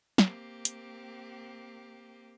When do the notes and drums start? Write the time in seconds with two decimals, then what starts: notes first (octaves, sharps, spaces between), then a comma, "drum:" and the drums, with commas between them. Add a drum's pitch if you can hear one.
0.18 A#3 C4 G4, drum: snare
0.65 drum: hi-hat